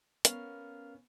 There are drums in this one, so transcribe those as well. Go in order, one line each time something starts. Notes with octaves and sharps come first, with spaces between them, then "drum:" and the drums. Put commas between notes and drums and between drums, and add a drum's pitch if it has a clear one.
B3 C#4 A#4 F5 F6, drum: hi-hat